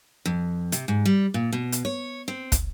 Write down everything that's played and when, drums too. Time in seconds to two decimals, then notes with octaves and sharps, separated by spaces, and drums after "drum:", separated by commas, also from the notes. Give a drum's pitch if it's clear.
0.26 F2
0.72 C3, drum: hi-hat
0.88 G#2
1.05 G3
1.34 A#2
1.52 B2
1.72 drum: hi-hat
1.85 C#5
2.28 C4
2.52 drum: kick, hi-hat